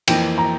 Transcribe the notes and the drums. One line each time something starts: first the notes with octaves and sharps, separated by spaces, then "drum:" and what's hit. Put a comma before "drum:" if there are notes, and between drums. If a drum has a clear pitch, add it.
F2 E3 A#3 G5, drum: cymbal
A#5